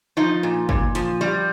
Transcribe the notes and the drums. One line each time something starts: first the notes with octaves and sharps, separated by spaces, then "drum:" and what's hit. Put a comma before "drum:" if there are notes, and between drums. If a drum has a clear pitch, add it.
F3 D#4 F4
A#2
A#2, drum: kick
F3, drum: hi-hat
G3